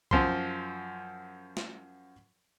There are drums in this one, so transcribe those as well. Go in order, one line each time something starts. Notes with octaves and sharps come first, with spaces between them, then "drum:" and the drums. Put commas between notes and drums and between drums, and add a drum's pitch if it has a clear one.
F#2 F3 C6, drum: kick
drum: snare